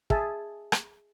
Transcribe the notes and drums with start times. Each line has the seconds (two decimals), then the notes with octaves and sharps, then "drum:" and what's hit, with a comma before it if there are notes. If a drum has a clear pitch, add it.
0.10 G#4 E5 G#5 A5, drum: kick
0.72 drum: rim click